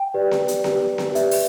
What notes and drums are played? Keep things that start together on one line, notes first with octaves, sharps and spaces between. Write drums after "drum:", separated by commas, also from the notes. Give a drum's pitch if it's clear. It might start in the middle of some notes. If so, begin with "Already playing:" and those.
Already playing: G5
G4 B4 D5
drum: snare B3
drum: hi-hat
G4 B4 D5, drum: snare B3
drum: snare B3
G4 B4 D5 E5, drum: hi-hat
drum: open hi-hat